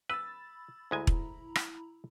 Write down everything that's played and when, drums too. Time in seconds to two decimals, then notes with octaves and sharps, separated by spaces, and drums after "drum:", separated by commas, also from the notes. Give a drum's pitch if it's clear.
0.10 B4 B5 E6 A6
0.91 D2 G#3 E4 G#5 A#5 B5
1.07 drum: kick E1
1.56 drum: rim click